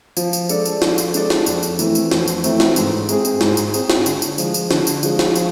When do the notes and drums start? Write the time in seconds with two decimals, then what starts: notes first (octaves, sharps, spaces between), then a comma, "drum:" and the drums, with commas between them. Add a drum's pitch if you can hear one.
0.17 F3, drum: tambourine
0.33 drum: tambourine
0.49 G#3 D4 A4 D5, drum: tambourine
0.66 drum: tambourine
0.82 F3, drum: snare
0.98 drum: tambourine
1.14 G#3 D4 A4 D5, drum: tambourine
1.30 drum: snare
1.46 F2, drum: tambourine
1.63 drum: tambourine
1.79 E3 A3 C4, drum: tambourine
1.95 drum: tambourine
2.11 F2, drum: snare
2.28 drum: tambourine
2.44 E3 A3 C4, drum: tambourine
2.60 drum: snare
2.76 G#2, drum: tambourine
3.09 G#3 C4 G#4, drum: tambourine
3.25 drum: tambourine
3.41 G#2, drum: snare
3.57 drum: tambourine
3.74 G#3 C4 G#4, drum: tambourine
3.90 drum: snare
4.06 D3, drum: tambourine
4.22 drum: tambourine
4.38 F3 G#3, drum: tambourine
4.54 drum: tambourine
4.71 D3, drum: snare
4.87 drum: tambourine
5.03 F3 G#3, drum: tambourine
5.19 drum: snare
5.36 F3, drum: tambourine